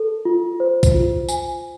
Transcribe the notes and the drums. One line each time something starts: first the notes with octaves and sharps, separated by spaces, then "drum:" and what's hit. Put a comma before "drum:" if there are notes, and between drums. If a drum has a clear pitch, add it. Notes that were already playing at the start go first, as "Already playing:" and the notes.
Already playing: A4
F4
C5
drum: kick, tambourine
F4
G#5, drum: tambourine